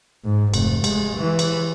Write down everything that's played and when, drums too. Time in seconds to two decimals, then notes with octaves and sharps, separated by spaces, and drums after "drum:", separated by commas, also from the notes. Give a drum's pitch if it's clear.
0.24 G#2
0.54 F1, drum: cymbal
0.84 G#3, drum: cymbal
1.17 E3
1.39 drum: cymbal